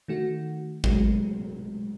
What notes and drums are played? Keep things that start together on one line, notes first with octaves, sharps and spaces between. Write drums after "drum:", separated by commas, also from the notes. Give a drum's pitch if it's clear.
D#3 A3 F#4
F#3 G#3 A3, drum: kick